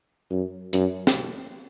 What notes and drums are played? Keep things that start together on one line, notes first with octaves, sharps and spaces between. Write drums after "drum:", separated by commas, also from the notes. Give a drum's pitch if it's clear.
F#2
F#2, drum: hi-hat
drum: snare